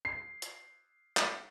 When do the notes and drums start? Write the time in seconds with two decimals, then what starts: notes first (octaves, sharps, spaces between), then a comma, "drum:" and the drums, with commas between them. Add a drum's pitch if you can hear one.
0.05 C7
0.42 drum: hi-hat
1.17 drum: clap